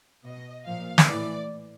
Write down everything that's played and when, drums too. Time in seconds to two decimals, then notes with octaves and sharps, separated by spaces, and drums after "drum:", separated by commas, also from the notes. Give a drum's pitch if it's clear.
0.25 B2 D#5
0.66 A#2 F3 F5
0.98 drum: snare
1.07 A2 E3 D5